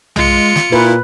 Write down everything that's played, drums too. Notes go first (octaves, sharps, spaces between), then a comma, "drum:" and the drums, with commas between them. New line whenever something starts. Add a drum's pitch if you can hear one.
G#3 F4 C#7, drum: tom B1
drum: snare
A#2 E4 B4